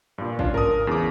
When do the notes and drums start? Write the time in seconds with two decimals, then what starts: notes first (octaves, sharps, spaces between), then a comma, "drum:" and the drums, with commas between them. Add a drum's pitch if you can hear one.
0.18 G2 A#2
0.39 C#4 D4 F4, drum: kick
0.54 A#4 A5 D#6, drum: tom G2
0.87 E2 C#3 D6